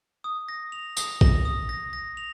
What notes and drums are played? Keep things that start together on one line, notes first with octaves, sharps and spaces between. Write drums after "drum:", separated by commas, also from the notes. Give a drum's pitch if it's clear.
D#6
A#6
F7
D#6, drum: tambourine
A#6, drum: kick A#1
D#6
A#6
A#6
F7